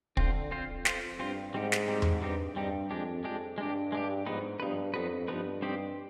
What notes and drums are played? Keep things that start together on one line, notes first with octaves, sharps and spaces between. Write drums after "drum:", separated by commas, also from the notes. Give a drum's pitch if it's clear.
D3 C4 F4 C5, drum: kick
F2 C4 F4 C5
C4 F4 C5, drum: snare
G2 C4 F4 C5
G#2 G3 C4 D#4 G4
drum: snare
G3 C4 D#4 G4
drum: tom E2
G2 G3 C4 D#4 G4
G2 G3 C4 D#4 G4
F2 G#3 D4 G4
F2 G#3 D4 G4
G2 G#3 D4 G4
G#3 D4 G4
G#2 F3 B3 D#4 B4
G2 F3 B3 D#4 B4
F2 F3 B3 D#4 B4
G2 F3 B3 D#4 B4
G3 C4 D#4 G4 C5